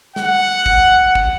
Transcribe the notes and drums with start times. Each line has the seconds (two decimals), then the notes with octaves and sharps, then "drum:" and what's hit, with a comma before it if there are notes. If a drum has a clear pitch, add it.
0.16 F#5, drum: snare
0.66 drum: kick
1.15 drum: kick